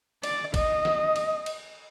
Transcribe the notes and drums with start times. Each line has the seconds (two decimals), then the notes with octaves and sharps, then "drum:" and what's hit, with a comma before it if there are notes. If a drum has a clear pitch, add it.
0.23 D5, drum: cymbal
0.54 D#5, drum: kick G#1, cymbal
0.85 drum: snare
1.16 drum: cymbal
1.46 drum: cymbal